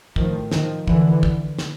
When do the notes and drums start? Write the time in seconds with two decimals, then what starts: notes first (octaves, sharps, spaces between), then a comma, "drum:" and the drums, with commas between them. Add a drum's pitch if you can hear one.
0.16 A2 D#3 F3, drum: kick
0.51 D#3 F3, drum: snare
0.88 D3 E3, drum: kick
1.23 drum: kick
1.58 drum: snare